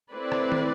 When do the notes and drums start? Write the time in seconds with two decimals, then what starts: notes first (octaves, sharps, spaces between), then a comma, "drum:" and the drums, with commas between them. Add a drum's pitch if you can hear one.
0.12 A3 C4 E4 B4 D5
0.32 drum: rim click
0.52 drum: tom